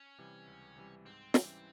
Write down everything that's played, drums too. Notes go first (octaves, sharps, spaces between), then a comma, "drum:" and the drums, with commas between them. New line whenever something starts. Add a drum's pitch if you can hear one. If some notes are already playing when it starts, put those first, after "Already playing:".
Already playing: C#4
C3 E3 G3
C#2
C3 E3 G3
G#2 C4
E3 G3 C#4 E4, drum: snare